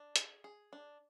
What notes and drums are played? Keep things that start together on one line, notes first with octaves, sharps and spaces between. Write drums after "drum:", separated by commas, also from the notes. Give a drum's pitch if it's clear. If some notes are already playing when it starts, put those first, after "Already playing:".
Already playing: D4
G#4, drum: hi-hat
G#4
D4